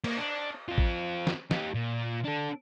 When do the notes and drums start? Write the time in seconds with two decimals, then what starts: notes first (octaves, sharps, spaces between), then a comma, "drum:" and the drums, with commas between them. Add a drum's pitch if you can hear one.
0.04 A#3, drum: cymbal
0.17 D4
0.69 C4 F4
0.78 drum: kick A1
1.27 drum: snare
1.51 D#4 G4, drum: snare
1.74 A#2
2.24 D4 A4